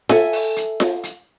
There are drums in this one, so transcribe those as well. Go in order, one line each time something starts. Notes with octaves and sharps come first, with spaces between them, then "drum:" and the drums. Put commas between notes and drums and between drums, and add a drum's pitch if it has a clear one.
A4 E5 G#5, drum: snare F4
drum: open hi-hat
drum: hi-hat
drum: snare F4
drum: hi-hat